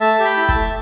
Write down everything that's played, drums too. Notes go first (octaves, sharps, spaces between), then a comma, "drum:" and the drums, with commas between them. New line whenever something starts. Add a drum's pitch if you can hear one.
A3 E5 A5
G4
G5 B5
E4
E5 A5, drum: kick
A3